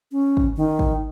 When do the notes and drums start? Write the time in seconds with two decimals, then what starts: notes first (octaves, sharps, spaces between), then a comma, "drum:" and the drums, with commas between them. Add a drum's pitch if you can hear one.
0.12 C#4
0.37 drum: kick
0.57 D#3
0.79 drum: kick